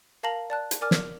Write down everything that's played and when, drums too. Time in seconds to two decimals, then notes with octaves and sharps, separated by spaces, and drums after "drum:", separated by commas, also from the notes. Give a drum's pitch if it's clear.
0.23 A#4 F5 A5 A#5 A#6 F#7
0.50 D5 A5 F#6
0.71 drum: hi-hat
0.81 A#4 D5 G#5 D6 F6
0.91 drum: snare